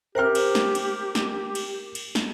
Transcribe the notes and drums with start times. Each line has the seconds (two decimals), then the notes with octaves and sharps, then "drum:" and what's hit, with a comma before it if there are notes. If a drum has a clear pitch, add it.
0.15 G4 A#4 C5 E5 G5 F6
0.35 drum: cymbal
0.55 drum: snare
0.75 drum: cymbal
1.15 drum: snare
1.55 drum: cymbal
1.95 drum: cymbal
2.15 drum: snare